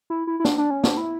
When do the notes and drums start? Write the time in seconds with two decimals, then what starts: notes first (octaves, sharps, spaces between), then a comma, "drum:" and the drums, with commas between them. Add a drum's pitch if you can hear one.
0.10 E4
0.27 E4
0.40 E4
0.45 D4, drum: snare
0.58 D4
0.71 C#4
0.84 D4, drum: snare
0.97 E4